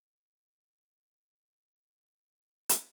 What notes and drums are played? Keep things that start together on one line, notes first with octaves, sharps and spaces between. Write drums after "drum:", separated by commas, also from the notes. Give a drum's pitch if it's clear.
E2 F3 C4 D#4 D#5 G#5
drum: hi-hat